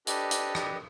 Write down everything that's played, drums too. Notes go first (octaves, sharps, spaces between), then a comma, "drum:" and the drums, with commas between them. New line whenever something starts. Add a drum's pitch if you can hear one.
D4 G4 A4 B4 D#5, drum: hi-hat
drum: hi-hat
drum: rim click